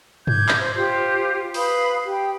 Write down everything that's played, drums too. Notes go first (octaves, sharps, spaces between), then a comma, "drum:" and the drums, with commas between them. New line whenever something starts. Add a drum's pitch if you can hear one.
D6 G6 G#6, drum: tom G2
drum: clap
C5
F4 G4 C5
B4 F5 B5 D#6, drum: open hi-hat
G4 G5